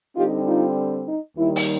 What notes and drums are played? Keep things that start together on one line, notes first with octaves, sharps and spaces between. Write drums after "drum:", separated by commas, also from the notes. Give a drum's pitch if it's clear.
D3 G3 C4 D#4 F4 G4
D#4 F4
D#4
D#2 D#3 G3 E4
drum: open hi-hat